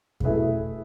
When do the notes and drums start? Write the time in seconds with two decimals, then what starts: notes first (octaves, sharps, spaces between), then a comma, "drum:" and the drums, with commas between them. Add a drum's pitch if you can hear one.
0.20 C#3, drum: kick F2
0.24 B2 A3 E4 G#4 B4 E5